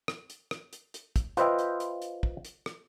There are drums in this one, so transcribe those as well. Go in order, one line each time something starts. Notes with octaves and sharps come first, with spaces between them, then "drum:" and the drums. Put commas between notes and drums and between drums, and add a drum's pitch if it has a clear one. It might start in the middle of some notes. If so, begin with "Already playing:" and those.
drum: rim click
drum: hi-hat
drum: rim click
drum: hi-hat
drum: hi-hat
drum: kick, hi-hat
F4 B4 C5 D#5 E5 G5, drum: hi-hat
drum: hi-hat
drum: hi-hat
drum: hi-hat
drum: kick
drum: hi-hat
drum: rim click